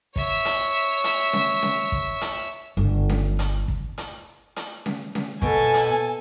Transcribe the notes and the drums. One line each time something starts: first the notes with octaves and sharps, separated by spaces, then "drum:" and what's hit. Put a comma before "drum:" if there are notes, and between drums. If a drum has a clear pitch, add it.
C#5 E5, drum: kick
drum: hi-hat
drum: hi-hat
drum: snare C#4
drum: snare C#4
drum: kick
drum: hi-hat
G1
drum: snare C#4
drum: hi-hat
drum: kick
drum: hi-hat
drum: hi-hat
drum: snare C#4
drum: snare C#4
B2 A4 G#5, drum: kick
drum: hi-hat